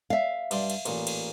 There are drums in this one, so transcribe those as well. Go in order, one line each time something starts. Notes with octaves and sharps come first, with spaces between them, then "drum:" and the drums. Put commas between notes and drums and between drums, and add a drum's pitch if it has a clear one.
E5 F5
G2 D5 C6, drum: cymbal
drum: cymbal
A1 A#2, drum: cymbal
drum: cymbal